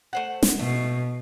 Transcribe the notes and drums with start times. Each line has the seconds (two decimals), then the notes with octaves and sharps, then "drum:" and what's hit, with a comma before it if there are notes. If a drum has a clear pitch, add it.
0.13 A3 C5 F#5
0.43 drum: snare
0.59 B2 A3